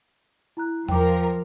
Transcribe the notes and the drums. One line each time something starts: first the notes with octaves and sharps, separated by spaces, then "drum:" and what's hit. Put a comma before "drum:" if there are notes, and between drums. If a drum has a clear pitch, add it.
E4 A#5 F#6
F3 A#4 G5 D6, drum: tom E2